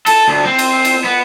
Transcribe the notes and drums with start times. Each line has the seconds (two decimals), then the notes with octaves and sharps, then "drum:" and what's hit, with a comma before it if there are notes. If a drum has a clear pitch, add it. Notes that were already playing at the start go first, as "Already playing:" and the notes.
0.06 A4, drum: cymbal
0.28 D2
0.45 C4
0.59 drum: cymbal
0.85 drum: cymbal
1.05 B3